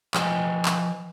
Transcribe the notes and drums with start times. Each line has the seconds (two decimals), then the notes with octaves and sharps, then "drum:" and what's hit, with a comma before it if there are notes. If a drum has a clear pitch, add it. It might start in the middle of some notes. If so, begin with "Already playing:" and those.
0.14 F3 B4 D#5 G5 G#5, drum: clap
0.65 drum: clap